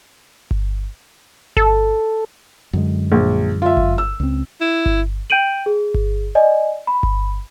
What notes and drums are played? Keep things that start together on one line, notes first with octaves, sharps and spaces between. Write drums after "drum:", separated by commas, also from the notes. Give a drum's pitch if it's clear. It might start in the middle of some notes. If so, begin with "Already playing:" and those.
drum: kick G1
A4, drum: kick G1
F#2 D3 G#3
A#1
F4 E5
drum: kick G1
E6
C#2 C4
E4
drum: kick G1
G5 G6 D7 D#7 F#7
G#4
drum: kick G1
D5 D#5 G#5
B5
drum: kick G1